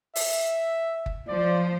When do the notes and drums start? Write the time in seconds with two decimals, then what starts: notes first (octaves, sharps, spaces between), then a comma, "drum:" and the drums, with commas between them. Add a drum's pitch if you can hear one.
0.16 E5, drum: open hi-hat
1.06 drum: kick
1.28 F3 C5 D5